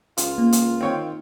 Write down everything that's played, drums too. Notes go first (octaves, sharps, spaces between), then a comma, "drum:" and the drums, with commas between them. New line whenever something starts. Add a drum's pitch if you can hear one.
C#2 F4, drum: hi-hat
A#3
drum: hi-hat
D#3 C4 C#5 G5